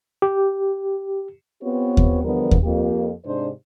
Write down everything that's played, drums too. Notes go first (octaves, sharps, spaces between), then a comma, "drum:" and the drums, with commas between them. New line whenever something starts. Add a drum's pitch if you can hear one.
G4
B3 C4 F4 G4 B4 C#5
drum: kick D#2
E2 D3 F3 G3 B3 A#4
drum: kick D#2
F2 A#3 G4
G#2 C3 D4 C5